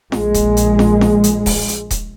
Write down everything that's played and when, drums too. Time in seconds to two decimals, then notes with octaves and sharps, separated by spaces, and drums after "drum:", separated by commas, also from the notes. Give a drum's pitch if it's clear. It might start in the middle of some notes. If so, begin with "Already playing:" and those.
0.12 A#1 G#3, drum: snare
0.34 drum: kick D#1, hi-hat
0.57 drum: hi-hat
0.79 drum: snare
1.01 drum: snare
1.24 drum: hi-hat
1.46 drum: kick D#1, open hi-hat
1.68 drum: hi-hat
1.91 drum: kick D#1, hi-hat